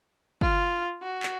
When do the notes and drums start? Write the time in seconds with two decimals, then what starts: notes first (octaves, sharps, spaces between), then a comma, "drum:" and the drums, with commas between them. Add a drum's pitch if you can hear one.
0.41 F4, drum: kick
1.02 F#4
1.23 drum: clap